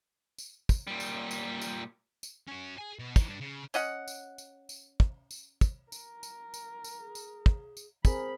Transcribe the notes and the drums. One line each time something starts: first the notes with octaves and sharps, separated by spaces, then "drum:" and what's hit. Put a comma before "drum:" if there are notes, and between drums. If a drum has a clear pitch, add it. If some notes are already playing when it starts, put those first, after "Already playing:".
drum: tambourine
drum: kick, tambourine
A#2 G3
drum: tambourine
drum: tambourine
drum: tambourine
drum: tambourine
C#4 F#4
G#4 G#5
B2
E3 D#4, drum: kick, tambourine
G2 D4
C#3
C#4 D#5 F#5, drum: tambourine
drum: tambourine
drum: tambourine
drum: tambourine
drum: kick
drum: tambourine
drum: kick, tambourine
A#4, drum: tambourine
drum: tambourine
drum: tambourine
drum: tambourine
G#4
drum: tambourine
drum: kick
drum: tambourine
C4 G#4 A#4 C5 B5, drum: kick, tambourine